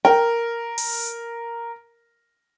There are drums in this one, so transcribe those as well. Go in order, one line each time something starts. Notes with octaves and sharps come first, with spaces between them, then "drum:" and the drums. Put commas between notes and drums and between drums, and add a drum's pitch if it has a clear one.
A#4 G5
drum: open hi-hat